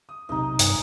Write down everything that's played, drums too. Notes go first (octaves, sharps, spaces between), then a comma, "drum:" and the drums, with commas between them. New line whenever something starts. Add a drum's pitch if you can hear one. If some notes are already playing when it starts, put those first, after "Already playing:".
D#6
B1 C3 D#4 D#5
G2 G#5 C#7, drum: hi-hat